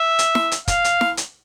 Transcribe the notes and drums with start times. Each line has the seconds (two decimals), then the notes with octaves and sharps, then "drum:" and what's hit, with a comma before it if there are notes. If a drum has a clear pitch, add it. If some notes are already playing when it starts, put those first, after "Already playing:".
Already playing: E5
0.19 drum: hi-hat
0.35 drum: snare
0.52 drum: hi-hat
0.68 F5, drum: kick, hi-hat
0.84 drum: hi-hat
1.01 drum: snare
1.17 drum: hi-hat